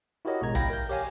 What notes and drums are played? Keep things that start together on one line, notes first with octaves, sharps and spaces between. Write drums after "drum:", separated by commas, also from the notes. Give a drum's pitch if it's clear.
E4 F#4 G4 A#4 C#5 D#5
A1 B2 G#3 A#5 G#6
G#1 F5 G5 B5 A#6, drum: kick A#1, hi-hat
A#4 G6
G4 C#5 F5 G#5, drum: open hi-hat